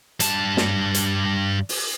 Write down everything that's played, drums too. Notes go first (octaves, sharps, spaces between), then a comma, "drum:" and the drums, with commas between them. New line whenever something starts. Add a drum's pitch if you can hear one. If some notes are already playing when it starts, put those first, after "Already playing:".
G2 A5, drum: hi-hat
drum: snare
drum: hi-hat
drum: open hi-hat